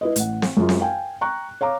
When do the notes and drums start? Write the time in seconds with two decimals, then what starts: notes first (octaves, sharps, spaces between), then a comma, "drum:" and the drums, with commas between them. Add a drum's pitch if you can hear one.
0.01 E4 B4 D#5
0.16 A1 F#5, drum: hi-hat
0.42 drum: snare C4
0.57 F#2 G#3 F4
0.69 drum: snare C4
0.81 F5 G5 G#5
1.21 G5 A#5 C#6 F#6
1.61 C#5 F5 A#5 D6